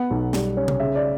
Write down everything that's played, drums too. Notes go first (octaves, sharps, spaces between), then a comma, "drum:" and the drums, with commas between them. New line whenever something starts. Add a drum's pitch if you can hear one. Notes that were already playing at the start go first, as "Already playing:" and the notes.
Already playing: B3 F#5
B1
G3, drum: snare
C#4
drum: tom C3
C#3 E5
D5